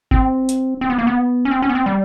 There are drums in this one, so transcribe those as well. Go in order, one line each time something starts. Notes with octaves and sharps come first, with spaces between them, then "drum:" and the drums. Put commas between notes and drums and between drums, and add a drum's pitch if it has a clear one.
C4, drum: kick G1
drum: hi-hat
C4
B3
A#3
B3
C#4
C4
C#4
B3
C4
G3